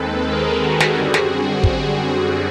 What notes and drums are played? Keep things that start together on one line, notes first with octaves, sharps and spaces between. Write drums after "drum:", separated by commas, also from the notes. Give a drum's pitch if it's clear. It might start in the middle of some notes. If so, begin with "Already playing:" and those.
Already playing: D#2 D#3 G#3 C4 A4 B4
G#4 A#4
F#4 G#4
drum: snare
F#2 D3 G3 C4 F#4 G#4
drum: snare
F#4, drum: kick